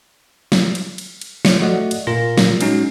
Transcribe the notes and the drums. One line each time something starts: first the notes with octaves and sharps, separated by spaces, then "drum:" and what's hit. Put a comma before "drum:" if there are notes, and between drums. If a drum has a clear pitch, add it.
drum: snare F#3
drum: cymbal
drum: cymbal
drum: cymbal
F3 C#5 C#7, drum: snare F#3
A3 F#4 D5 D#5 F#5
drum: cymbal
A#2 F4 A#4 A#6
drum: snare F#3
G#3 C#4 D#4 F#4, drum: cymbal